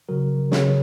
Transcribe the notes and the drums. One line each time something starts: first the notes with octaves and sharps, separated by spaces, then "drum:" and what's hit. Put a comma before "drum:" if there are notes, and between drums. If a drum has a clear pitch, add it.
C#3 F#3 F#4 A#4
C#5, drum: snare
C#3 F#3 G#4 B4